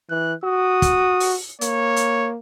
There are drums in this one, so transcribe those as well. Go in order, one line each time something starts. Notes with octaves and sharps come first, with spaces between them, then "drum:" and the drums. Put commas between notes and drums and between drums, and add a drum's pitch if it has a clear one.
E3 F#6
F#4 D#6
drum: kick, hi-hat
drum: open hi-hat
A#3 C#5, drum: hi-hat
drum: hi-hat